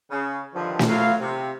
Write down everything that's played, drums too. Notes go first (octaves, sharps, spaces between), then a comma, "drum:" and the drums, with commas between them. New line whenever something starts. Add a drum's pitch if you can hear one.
C#3
G2 D3 D#3 F3
drum: snare
F#3 A3 B3 F4 F5
C3